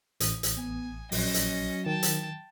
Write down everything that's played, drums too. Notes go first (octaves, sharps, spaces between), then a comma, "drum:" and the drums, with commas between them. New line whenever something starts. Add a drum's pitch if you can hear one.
A1 D#6, drum: hi-hat
drum: hi-hat
B3 G#5
A#1 F#3 C#4 D#5, drum: open hi-hat
drum: hi-hat
D#3 G5 A5
drum: hi-hat